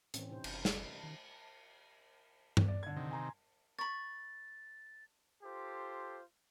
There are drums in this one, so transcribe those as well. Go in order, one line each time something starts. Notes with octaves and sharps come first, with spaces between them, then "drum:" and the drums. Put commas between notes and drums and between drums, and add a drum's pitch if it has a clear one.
A2 E3 C4 C#4, drum: hi-hat
C3 D#4 C5
F#1, drum: cymbal
drum: snare
D#3
drum: tom G2
D5
D3 G#6
C3 D#3
G#5 A#5 C6
B5 C#6 A6
F4 G4 A4 C5